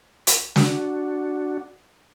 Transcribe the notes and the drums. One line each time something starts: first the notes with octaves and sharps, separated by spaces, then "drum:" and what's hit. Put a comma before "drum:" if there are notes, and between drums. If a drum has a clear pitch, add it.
drum: hi-hat
D4 F#4, drum: snare